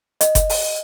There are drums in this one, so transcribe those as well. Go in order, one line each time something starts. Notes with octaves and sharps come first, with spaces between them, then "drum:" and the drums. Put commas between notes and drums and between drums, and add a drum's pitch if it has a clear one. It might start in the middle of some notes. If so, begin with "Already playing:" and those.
D#5, drum: hi-hat
drum: kick F#1, hi-hat
drum: open hi-hat